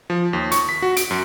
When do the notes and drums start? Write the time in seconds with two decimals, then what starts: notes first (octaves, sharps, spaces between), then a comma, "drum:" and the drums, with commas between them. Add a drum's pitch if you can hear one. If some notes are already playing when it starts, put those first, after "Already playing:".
0.10 F3
0.33 D#2
0.52 C#6, drum: hi-hat
0.69 B6
0.82 F#4
0.97 D7, drum: hi-hat
1.11 F#2